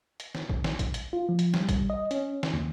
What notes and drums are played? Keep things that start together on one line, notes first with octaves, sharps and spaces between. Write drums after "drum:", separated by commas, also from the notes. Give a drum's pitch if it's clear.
drum: hi-hat
drum: snare
drum: kick
drum: snare
drum: kick, hi-hat
drum: hi-hat
F4
F3
drum: hi-hat
G3, drum: snare
drum: kick, hi-hat
D#5
C#4, drum: hi-hat
drum: snare
D#2